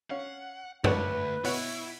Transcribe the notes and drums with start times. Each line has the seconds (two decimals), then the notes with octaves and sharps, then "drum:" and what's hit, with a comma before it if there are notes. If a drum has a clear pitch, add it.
0.10 C#4 F5 F#5
0.84 D2 D4 B4 C#5 F#5, drum: tom F#2
1.44 B2 E4 C#5 F#5, drum: open hi-hat